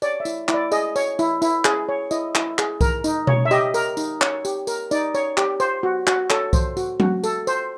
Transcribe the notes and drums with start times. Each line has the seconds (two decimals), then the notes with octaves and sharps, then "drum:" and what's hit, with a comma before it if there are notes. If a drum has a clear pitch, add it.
0.02 C#5 D5, drum: tambourine
0.20 E5
0.25 E4, drum: tambourine
0.48 E4, drum: clap
0.54 D5
0.72 G#4 D#5, drum: tambourine
0.96 C#5, drum: tambourine
1.19 E4, drum: tambourine
1.42 E4, drum: tambourine
1.65 G#4, drum: clap
1.89 C#5
2.11 E4 D#5, drum: tambourine
2.35 E4, drum: clap
2.59 G#4, drum: clap
2.81 A#4, drum: kick C2, tambourine
3.04 D#4, drum: tambourine
3.27 C#5, drum: tom B2
3.45 E5
3.51 G4 D#5, drum: tambourine
3.74 A#4, drum: tambourine
3.97 D#4, drum: tambourine
4.21 C#5, drum: clap
4.45 G4, drum: tambourine
4.67 A#4, drum: tambourine
4.91 D#4 D5, drum: tambourine
5.15 C#5, drum: tambourine
5.37 G4, drum: clap
5.60 C5, drum: tambourine
5.83 F#4
6.07 F#4, drum: clap
6.30 A4 C#5, drum: clap
6.53 C5, drum: kick C2, tambourine
6.77 F#4, drum: tambourine
7.00 F#4, drum: tom F#3
7.24 A4, drum: tambourine
7.47 C5, drum: tambourine